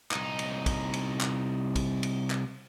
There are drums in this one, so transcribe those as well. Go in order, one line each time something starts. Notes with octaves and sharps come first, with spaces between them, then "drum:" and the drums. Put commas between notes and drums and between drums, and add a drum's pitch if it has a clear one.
C2 D#4, drum: clap
drum: cymbal
drum: kick, cymbal
drum: cymbal
drum: clap
drum: kick, cymbal
drum: cymbal
drum: clap